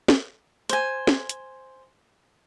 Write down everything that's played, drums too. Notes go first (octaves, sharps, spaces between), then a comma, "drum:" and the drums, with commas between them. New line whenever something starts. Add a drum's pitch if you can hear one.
drum: snare
C5 G#5, drum: hi-hat
drum: snare
drum: hi-hat